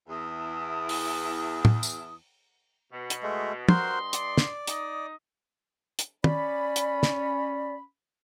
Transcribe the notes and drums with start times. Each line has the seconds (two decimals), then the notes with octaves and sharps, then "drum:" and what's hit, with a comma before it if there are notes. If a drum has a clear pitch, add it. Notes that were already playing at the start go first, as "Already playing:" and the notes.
0.09 E2 E4 A5 D#6
0.89 drum: open hi-hat
1.65 drum: tom
1.83 drum: tambourine
2.92 B2
3.10 drum: hi-hat
3.23 G#3 A3
3.69 G2 F#4 A#4 C5 D#5 C6, drum: tom
4.13 D5, drum: hi-hat
4.37 drum: snare
4.67 D#4 D#5, drum: hi-hat
5.99 drum: hi-hat
6.24 C#4 D5 B5, drum: tom
6.76 drum: hi-hat
7.03 drum: snare